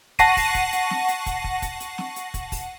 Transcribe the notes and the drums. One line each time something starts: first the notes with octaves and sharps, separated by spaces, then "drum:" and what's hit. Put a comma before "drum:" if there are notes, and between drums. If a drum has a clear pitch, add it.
F#5 A5 C#6 A#6 C7 D#7, drum: kick, hi-hat
drum: kick, open hi-hat
drum: kick, hi-hat
drum: hi-hat
drum: snare
drum: hi-hat
drum: kick, hi-hat
drum: kick
drum: kick, hi-hat
drum: hi-hat
drum: snare
drum: hi-hat
drum: kick, hi-hat
drum: kick, open hi-hat